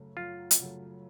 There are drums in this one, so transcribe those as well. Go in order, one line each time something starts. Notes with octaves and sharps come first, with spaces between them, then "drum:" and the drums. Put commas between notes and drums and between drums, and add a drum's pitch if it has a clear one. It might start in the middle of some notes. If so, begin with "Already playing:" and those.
Already playing: F#2 C#3 F#3 A3
F#2 F4
drum: hi-hat
C#3 F#3 A3